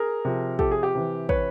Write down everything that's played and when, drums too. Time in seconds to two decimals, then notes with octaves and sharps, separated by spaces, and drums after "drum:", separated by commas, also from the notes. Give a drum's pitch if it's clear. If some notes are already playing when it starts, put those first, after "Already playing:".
Already playing: G#4 A#4
0.25 C3 F3
0.59 G4 A4, drum: kick
0.71 G#4
0.83 G4
0.95 C3 E3
1.29 B4 C#5, drum: kick